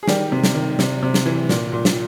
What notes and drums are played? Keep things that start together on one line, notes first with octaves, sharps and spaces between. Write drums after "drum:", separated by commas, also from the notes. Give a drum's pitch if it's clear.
G#4
D#3 G3 G4, drum: snare
C3
drum: snare
D#3
C3, drum: snare
C3
drum: snare
E3
A#2, drum: snare
A#2
drum: snare